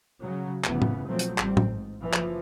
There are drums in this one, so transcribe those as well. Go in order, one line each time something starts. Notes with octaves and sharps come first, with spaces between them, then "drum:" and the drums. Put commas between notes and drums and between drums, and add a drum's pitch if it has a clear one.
C#3 F#3
F1 C#3 E3 B3, drum: clap
drum: tom
B2 F3 F#3 A3 C4
drum: hi-hat
A1 G3 C4, drum: clap
drum: tom
G#2
F#1 E3 F3
drum: clap